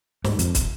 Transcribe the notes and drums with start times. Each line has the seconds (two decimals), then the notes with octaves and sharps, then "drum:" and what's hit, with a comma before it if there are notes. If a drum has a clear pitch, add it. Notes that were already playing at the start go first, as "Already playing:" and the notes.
0.24 G#2, drum: snare
0.39 F2, drum: hi-hat
0.55 drum: kick, hi-hat